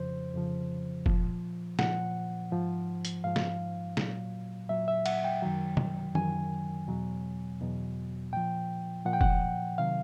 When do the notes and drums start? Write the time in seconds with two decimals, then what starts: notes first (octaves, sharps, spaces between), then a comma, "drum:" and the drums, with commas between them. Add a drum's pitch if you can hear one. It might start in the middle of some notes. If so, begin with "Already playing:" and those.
Already playing: F2 C#3 F3 C5
0.34 F2 C#3 F3
1.06 A#2 F3, drum: kick F1
1.79 A#2 F3 F#5, drum: snare
2.52 G#2 F3
3.05 drum: hi-hat
3.24 G#2 F3 F5
3.36 drum: snare
3.97 A#2 F#3, drum: snare
4.69 A#2 F#3 E5
4.88 E5
5.06 F#5, drum: cymbal
5.24 G5
5.42 F#2 D#3 F#3
5.77 drum: tom
6.15 F#2 D#3 F#3 G#5, drum: tom E3
6.88 E2 B2 F#3
7.61 E2 B2 F#3
8.33 A#2 F3 G5
9.06 A#2 F3 F#5
9.13 G5
9.21 F#5, drum: kick F1
9.78 C3 D#3 F#3 F5